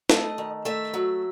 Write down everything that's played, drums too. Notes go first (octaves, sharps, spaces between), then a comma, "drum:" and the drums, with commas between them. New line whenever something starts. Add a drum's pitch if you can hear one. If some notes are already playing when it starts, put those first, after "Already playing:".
A3 D#5, drum: snare
D#3
A3 E5
F#3